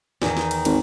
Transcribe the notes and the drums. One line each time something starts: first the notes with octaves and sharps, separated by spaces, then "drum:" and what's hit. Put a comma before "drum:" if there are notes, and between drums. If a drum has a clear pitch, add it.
E2 D#3, drum: snare
drum: snare
drum: cymbal
G#1, drum: cymbal